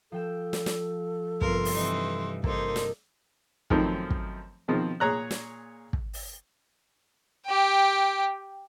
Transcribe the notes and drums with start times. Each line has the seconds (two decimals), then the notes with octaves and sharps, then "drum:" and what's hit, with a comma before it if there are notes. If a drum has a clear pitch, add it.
0.12 F3 A4 G5 E7
0.53 drum: snare
0.66 drum: snare
1.41 G2 C3 F3 B3 A#4 C6, drum: kick
1.65 drum: open hi-hat
1.74 E3 C4 D#4
2.44 A#3 D#4 A4 C5, drum: kick
2.76 drum: snare
3.70 F#2 D#3 F3 A3 C4, drum: kick
4.10 drum: kick
4.68 B2 D#3 F3 C4
5.00 A#2 G#4 C#5 A#5 F#6
5.31 drum: snare
5.93 drum: kick
6.13 drum: open hi-hat
7.46 G4 G5